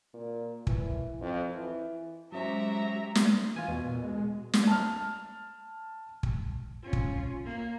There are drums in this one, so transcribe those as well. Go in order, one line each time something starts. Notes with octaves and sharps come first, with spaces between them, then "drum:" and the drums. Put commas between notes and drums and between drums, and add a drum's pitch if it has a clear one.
A#2
E3, drum: kick
F2
E3
F#3 G#3 C#4 F#4 G4 C5 E5 A#5
drum: snare
E3 F4 G#5
E2 B2
A#2
G#3
drum: snare
A5 F6
drum: kick
C#4 F4
drum: kick
A#3